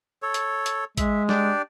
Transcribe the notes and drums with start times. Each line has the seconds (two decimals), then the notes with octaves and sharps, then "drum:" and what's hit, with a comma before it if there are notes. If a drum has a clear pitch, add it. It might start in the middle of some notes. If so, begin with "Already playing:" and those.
0.22 A4 C#5
0.34 drum: hi-hat
0.66 drum: hi-hat
0.97 G#3 E5, drum: kick, hi-hat
1.29 D4 G4 D5, drum: snare